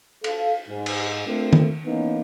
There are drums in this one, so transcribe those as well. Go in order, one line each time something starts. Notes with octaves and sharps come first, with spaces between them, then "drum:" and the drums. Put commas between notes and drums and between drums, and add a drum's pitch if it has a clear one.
A4 F5, drum: cymbal
G#2
drum: cymbal
A3 C4 D4 F4 A4 A#4
drum: tom D#3
E3 A#3 B3 C#4 D#4